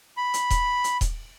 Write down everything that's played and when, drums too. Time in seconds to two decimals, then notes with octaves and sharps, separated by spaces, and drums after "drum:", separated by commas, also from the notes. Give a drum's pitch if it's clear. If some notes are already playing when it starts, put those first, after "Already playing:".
0.17 B5
0.34 drum: hi-hat
0.50 drum: kick D#1, hi-hat
0.84 drum: hi-hat
1.01 drum: kick D#1, hi-hat